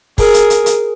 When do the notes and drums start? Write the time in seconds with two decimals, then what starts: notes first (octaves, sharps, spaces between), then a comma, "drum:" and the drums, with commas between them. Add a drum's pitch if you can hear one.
0.18 G#4 A#4, drum: kick, open hi-hat
0.34 drum: hi-hat
0.50 drum: hi-hat
0.66 drum: hi-hat